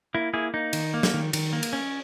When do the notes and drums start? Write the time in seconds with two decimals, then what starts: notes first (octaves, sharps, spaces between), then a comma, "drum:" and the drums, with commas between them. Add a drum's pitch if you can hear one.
0.15 A#3 E4
0.33 A#3 E4 G#4
0.54 A#3 D#4
0.73 D#3, drum: cymbal
0.94 A#3
1.03 drum: snare
1.14 D#3
1.33 D#3, drum: cymbal
1.53 A#3
1.63 drum: cymbal
1.73 C#4